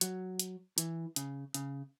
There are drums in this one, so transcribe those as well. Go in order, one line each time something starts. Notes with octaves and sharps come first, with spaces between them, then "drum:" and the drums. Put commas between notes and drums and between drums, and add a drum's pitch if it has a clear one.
F#3, drum: hi-hat
drum: hi-hat
E3, drum: hi-hat
C#3, drum: hi-hat
C#3, drum: hi-hat